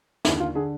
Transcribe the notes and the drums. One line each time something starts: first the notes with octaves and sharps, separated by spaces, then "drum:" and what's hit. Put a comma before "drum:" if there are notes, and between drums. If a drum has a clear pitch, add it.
D#2 D3 E4, drum: snare
F4
D3 G#4